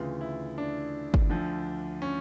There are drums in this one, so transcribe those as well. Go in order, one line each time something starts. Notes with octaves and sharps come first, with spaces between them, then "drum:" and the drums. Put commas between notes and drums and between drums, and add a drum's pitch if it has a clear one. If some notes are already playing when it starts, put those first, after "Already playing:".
Already playing: D2 C#3 E3 F4
E4
D4
drum: kick
D2 D3 F3
C#4